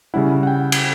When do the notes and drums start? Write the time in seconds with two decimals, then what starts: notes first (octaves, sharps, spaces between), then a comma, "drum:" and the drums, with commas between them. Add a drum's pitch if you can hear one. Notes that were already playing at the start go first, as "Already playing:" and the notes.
0.14 C#3 G3 C#4 E4 F#5
0.43 F#5
0.47 G5
0.72 drum: cymbal